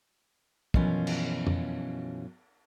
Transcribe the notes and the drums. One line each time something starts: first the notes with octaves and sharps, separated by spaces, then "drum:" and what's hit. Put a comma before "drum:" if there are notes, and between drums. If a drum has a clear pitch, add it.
F#2 B2 E3 F3 C#4 F4, drum: kick
drum: cymbal
drum: tom F2